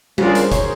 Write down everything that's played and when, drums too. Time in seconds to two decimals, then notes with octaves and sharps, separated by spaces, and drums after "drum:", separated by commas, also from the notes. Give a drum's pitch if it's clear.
0.18 C#3 F3 A#3 D4 F4 F#4, drum: tom G3
0.27 G#4
0.35 A#4, drum: hi-hat
0.43 C5
0.52 C#5, drum: kick, hi-hat